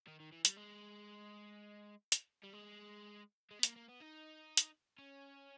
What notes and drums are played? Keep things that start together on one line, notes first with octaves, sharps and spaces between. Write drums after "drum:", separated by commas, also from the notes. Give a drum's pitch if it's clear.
D#3
D#3
E3
G3, drum: hi-hat
G#3
drum: hi-hat
G3
G#3
G#3
B3
A#3, drum: hi-hat
A#3
B3
D#4
drum: hi-hat
C#4